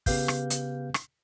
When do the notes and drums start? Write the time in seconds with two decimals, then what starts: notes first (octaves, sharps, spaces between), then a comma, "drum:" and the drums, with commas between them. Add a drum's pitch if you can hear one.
0.06 C#3 B3 G4 B4 F5 G6, drum: kick, open hi-hat
0.28 drum: rim click
0.50 drum: hi-hat
0.94 drum: rim click